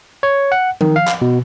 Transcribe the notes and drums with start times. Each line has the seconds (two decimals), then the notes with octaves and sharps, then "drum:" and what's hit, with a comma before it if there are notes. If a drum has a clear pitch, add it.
0.23 C#5
0.52 F#5
0.81 D#3, drum: tom F3
0.96 F5
1.08 drum: clap
1.22 B2